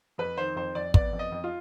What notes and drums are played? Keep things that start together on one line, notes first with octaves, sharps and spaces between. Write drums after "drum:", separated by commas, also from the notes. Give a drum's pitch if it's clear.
F2 B4
D#3 C5
F2 C5
F2 D5
B3 D5, drum: kick
F2
D#5
F2
F4